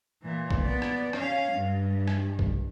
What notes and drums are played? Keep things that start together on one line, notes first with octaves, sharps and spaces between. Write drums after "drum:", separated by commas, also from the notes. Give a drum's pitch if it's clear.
A#2 E3
drum: kick
B3 D5
drum: rim click
C#4 F5, drum: rim click
G2
drum: rim click
drum: kick